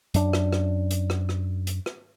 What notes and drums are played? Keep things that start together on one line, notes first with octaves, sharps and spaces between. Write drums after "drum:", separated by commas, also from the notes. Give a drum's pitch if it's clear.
F#2 D4, drum: hi-hat
drum: rim click
drum: rim click
drum: hi-hat
drum: rim click
drum: rim click
drum: hi-hat
drum: rim click